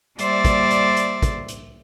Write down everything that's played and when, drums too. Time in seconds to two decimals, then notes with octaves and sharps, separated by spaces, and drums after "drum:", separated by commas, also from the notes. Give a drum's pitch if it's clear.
0.19 G3 A#3 C5 D5 E5 A6, drum: hi-hat
0.45 drum: kick, hi-hat
0.71 drum: hi-hat
0.97 drum: hi-hat
1.22 drum: kick, hi-hat
1.48 drum: hi-hat